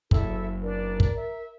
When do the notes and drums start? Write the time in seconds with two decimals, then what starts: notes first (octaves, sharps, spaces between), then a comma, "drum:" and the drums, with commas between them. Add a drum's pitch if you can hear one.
0.11 F#1 E4 A4 E5, drum: kick
0.63 D4 A#4 D5
1.00 drum: kick
1.16 E5